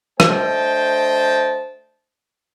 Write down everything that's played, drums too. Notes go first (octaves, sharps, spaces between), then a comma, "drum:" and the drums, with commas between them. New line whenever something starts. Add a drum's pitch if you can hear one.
A3 D4 C5 D#5 G5 A5, drum: rim click